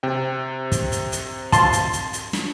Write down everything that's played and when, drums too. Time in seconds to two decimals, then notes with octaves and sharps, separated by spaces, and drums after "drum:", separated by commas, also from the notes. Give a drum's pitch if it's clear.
0.03 C3 G5
0.72 drum: kick, hi-hat
0.92 drum: hi-hat
1.12 drum: hi-hat
1.52 A5 C6, drum: kick, hi-hat
1.73 drum: hi-hat
1.93 drum: hi-hat
2.13 drum: hi-hat
2.33 drum: snare